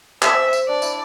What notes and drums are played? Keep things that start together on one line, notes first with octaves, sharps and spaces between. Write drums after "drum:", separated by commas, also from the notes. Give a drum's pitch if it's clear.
C4 E5, drum: clap
drum: tambourine
D4 D5
E4, drum: tambourine